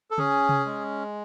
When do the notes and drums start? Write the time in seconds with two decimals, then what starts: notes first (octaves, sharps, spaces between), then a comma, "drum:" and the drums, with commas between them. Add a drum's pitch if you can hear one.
0.11 A4
0.18 C#4 G#4, drum: tom C#3
0.49 drum: tom C3
0.66 G#3